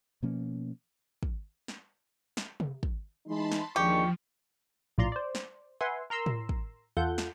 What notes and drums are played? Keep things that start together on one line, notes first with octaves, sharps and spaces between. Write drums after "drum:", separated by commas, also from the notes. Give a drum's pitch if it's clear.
B2 F3 A#3 C#4
drum: kick
drum: snare
drum: snare
drum: tom C3
drum: kick
E3 G#3 D#4 A5 B5 C6
drum: snare
D#2 F3 G#3 D4 G4 C#6
A#1 A2 F4 D5 A#5 C6
C5 D5
drum: snare
B4 E5 F#5 G#5 C6
A#4 A#5 C6 E6
drum: tom A2
drum: kick
E2 F4 A4 F#5 G6
drum: snare